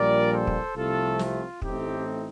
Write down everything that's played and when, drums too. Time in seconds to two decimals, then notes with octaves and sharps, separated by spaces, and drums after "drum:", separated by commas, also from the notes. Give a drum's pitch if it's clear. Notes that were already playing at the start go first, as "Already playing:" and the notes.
Already playing: A#1 A#2 G3 A#4 D5
0.33 A4 C5
0.47 drum: kick
0.75 C2 C3 F3 A3 F4 A4
1.19 F4, drum: snare
1.62 A1 A2 A3 C4 D#4 G4, drum: kick